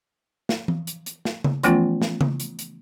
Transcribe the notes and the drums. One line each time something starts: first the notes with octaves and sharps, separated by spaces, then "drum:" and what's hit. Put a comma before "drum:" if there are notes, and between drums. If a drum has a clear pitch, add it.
drum: snare
drum: tom E3
drum: hi-hat
drum: hi-hat
drum: snare
drum: tom C#3
E3 F3 A3 B3 C#4 F4, drum: hi-hat
drum: snare
drum: tom C#3
drum: hi-hat
drum: hi-hat